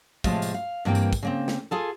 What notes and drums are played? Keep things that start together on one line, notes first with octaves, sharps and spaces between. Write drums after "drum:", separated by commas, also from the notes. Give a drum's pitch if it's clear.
A2 C3 F3 G#3 A3 F4, drum: kick, tambourine
drum: tambourine
F5
G2 E3 A#3 C4 G5
drum: tambourine
drum: kick, tambourine
C#3 A#3 C4
drum: snare
F4 G#4 A4